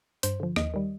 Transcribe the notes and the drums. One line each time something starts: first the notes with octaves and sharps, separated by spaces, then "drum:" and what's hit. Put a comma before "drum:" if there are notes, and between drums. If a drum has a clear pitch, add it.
G2 C5, drum: hi-hat
D3 F3
D#2 D#5, drum: rim click
D#3 G3